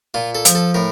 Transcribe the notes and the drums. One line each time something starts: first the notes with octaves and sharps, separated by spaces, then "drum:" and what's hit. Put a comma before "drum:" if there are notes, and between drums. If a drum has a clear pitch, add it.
A#2 F4
A4
F3, drum: hi-hat
A4
A2 A#4